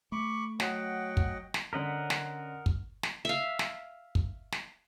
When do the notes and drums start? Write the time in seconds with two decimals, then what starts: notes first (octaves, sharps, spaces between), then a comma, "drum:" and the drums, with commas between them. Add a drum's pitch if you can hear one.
0.12 A3 B5 C#6 D6
0.60 F#3 D#5 F#5 G5, drum: snare
1.17 drum: kick
1.54 drum: snare
1.73 D3 C#4 A#4 D#5 F#5 B6
2.10 drum: snare
2.66 drum: kick
3.03 drum: snare
3.25 E5 F5
3.59 drum: snare
4.15 drum: kick
4.52 drum: snare